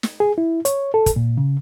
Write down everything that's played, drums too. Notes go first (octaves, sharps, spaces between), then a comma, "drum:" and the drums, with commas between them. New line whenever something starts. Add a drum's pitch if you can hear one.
drum: snare
G#4
E4
C#5, drum: hi-hat
A4
drum: kick, hi-hat
A#2
C#3